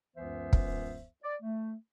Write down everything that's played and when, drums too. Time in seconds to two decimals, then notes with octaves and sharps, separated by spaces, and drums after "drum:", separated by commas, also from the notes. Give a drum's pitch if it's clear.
0.17 C#2 F#2 E3 B3 C5 E5
0.53 drum: kick
1.24 D5
1.42 A3